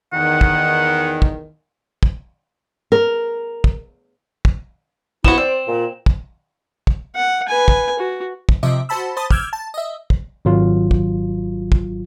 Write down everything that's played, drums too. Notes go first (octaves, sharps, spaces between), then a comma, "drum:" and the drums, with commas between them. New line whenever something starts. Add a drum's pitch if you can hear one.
E2 D#3 F#5
drum: kick
drum: kick
drum: kick
A#4
drum: kick
drum: kick
C3 B3 E4 F#4 E7, drum: kick
C4 C5 D5
A#2
drum: kick
drum: kick
F#5
B4 G#5
drum: kick
F#4
drum: kick
C3 F3 D#5 E5 D6
F#4 C5 A5 B5 E6
C5 A5 B5 D#6 A6
D6 E6 F6 G6 G#6, drum: kick
A5
D#5 E5
drum: kick
G#1 F#3 F4
drum: kick
drum: kick